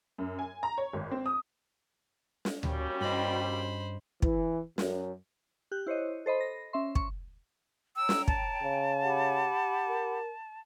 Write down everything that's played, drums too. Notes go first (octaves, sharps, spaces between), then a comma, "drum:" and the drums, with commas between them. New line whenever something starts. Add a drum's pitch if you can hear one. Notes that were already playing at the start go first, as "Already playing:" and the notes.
F#2
G#5
A#5
C#5
G#1
C4
D#6
drum: snare
D#2 G3 C#4 F#4 G5, drum: tom D2
G2 C5 D#5 B5
E3, drum: kick
F#2, drum: snare
G4 F#6 G6
E4 C5 C#5 D#5
A4 C5 D#5 B5
A#6
C#4 E5 C6
C#6, drum: kick
C#5 G5 A#5 E6
drum: snare
A5, drum: kick
C#3
G4 F#5 B5
A#4